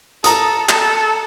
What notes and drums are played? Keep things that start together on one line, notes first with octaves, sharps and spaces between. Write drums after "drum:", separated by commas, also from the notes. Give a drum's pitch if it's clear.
A4 A#5 D#6, drum: hi-hat
A4, drum: clap